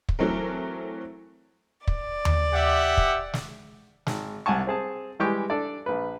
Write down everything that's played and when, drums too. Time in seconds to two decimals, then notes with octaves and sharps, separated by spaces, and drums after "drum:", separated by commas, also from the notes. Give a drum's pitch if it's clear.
0.09 drum: kick
0.19 E3 F#3 A3 C4 A#4
1.88 D5, drum: kick
2.25 drum: tom D#2
2.53 G4 E5 F#5
2.97 drum: kick
3.34 drum: snare
4.07 G#1, drum: snare
4.46 C2 F#5 G#5 A5 C#6
4.67 C4 G#4 A5
5.20 E3 G3 G#3 G4 G5 C#6
5.50 D4 A4 D5
5.86 A#1 B4